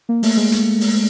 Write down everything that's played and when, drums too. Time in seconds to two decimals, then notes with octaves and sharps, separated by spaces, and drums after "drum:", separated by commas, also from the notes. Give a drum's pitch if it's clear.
0.09 A#3
0.23 A3, drum: open hi-hat
0.37 G#3
0.52 drum: hi-hat
0.81 drum: open hi-hat